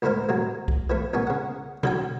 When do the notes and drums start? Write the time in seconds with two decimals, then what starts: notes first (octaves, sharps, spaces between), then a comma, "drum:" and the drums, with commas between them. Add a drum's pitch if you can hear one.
0.02 C#2 A2 D3 E4 A#4 C5
0.29 C2 A2 F#3
0.68 drum: kick B1
0.90 E3 F3 A3
1.13 C2 A#2 B3 G#5 C#6
1.27 C#3 F#5
1.83 D3 F#3 G5, drum: tom B2